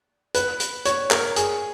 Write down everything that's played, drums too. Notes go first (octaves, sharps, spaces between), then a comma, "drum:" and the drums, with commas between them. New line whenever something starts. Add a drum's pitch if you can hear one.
B4, drum: hi-hat
drum: hi-hat
C#5, drum: hi-hat
A#4, drum: clap
G#4, drum: hi-hat